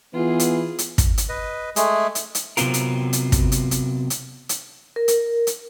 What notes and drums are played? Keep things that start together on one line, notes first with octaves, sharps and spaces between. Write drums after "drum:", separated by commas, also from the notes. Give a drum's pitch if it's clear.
E3 B3 F4 G#4
drum: hi-hat
drum: hi-hat
drum: kick, hi-hat
drum: hi-hat
B4 D#5
G#3 A3 G#4, drum: hi-hat
drum: hi-hat
drum: hi-hat
C3 F#3 B3 C4 F4 A#4, drum: hi-hat
drum: hi-hat
drum: hi-hat
drum: kick, hi-hat
drum: hi-hat
drum: hi-hat
drum: hi-hat
drum: hi-hat
A#4
drum: hi-hat
drum: hi-hat